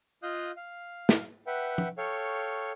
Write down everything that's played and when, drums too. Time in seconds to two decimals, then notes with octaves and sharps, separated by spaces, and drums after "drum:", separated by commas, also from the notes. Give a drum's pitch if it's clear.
0.23 F4 D#5 F5 D#6 F#6 G6
0.57 F5
1.09 drum: snare
1.47 B4 E5 F#5 G5
1.78 drum: tom
1.98 A4 C#5 F5 G5 C#6